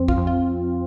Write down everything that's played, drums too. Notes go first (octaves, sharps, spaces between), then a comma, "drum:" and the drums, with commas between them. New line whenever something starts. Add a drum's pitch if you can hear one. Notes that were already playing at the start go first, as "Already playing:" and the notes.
Already playing: F2 C4
F4, drum: kick
F2
F4